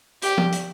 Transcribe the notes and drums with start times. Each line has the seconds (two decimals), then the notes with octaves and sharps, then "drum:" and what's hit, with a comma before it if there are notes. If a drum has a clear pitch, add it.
0.22 G4, drum: hi-hat
0.38 drum: tom
0.52 drum: hi-hat